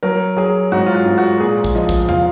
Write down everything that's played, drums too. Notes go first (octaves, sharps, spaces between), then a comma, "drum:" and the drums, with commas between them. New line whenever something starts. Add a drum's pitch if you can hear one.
F#3 A#4
F#3 G#4
G#2 F#4
F4
F#4
G#2
F#4
A#2 G#4
drum: kick
F3 D#5
drum: kick
F3 F5, drum: tom E2